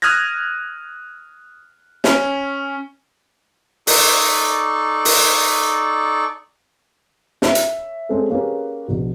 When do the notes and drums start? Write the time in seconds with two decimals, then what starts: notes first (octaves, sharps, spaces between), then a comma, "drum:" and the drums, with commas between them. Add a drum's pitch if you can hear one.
0.02 D#6 F6 F#6 G#6 A#6
2.04 C#4, drum: snare
3.87 D#4 A4 D5 C#6, drum: open hi-hat
5.05 drum: open hi-hat
7.42 C#5 E5, drum: snare
7.55 drum: hi-hat
8.09 G#3 C4 C#4 A4
8.30 A#3 C#4 G4 G#4 B4
8.88 A#1 B2